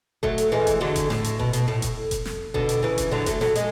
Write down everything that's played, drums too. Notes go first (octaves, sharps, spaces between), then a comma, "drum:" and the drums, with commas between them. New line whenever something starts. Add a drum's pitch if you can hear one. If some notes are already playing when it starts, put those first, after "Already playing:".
F#3 A3, drum: kick F1
drum: hi-hat
E3 G#3
drum: kick F1, hi-hat
D3 F#3
drum: kick F1, hi-hat
A2, drum: snare
drum: hi-hat
B2, drum: kick F1
B2, drum: hi-hat
A2
drum: kick F1, hi-hat
drum: kick F1, hi-hat
drum: snare
B2 D3, drum: kick F1
drum: hi-hat
C#3 E3
drum: kick F1, hi-hat
D3 F#3
F#3 A3, drum: kick F1, hi-hat
F#3 A3, drum: snare
G#3, drum: hi-hat